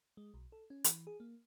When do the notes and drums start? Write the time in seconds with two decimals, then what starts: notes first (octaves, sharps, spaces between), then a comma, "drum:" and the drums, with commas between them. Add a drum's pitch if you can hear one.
0.17 G#3
0.34 B1
0.52 A4
0.70 C#4
0.84 E3, drum: hi-hat
1.07 G#4
1.20 A#3